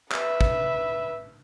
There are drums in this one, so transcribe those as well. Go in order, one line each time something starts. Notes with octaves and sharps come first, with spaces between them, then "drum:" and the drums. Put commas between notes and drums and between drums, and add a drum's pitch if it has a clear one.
B4 E5, drum: clap
drum: kick